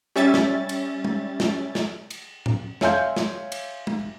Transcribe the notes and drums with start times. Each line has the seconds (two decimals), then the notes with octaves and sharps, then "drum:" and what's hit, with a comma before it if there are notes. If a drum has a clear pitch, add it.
0.16 G3 C#4 E5 A6
0.34 drum: snare
0.69 drum: cymbal
1.05 drum: tom
1.40 drum: snare
1.75 drum: snare
2.10 drum: cymbal
2.46 drum: tom A2
2.81 C#5 E5 F5 G#5 C6 G6, drum: snare
3.16 drum: snare
3.52 drum: cymbal
3.87 drum: tom